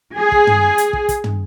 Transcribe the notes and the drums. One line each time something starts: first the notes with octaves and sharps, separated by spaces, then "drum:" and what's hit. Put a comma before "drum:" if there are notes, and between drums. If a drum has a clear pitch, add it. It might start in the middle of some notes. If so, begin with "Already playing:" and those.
G#4
drum: kick
drum: tom
drum: hi-hat
drum: kick
drum: kick, hi-hat
drum: tom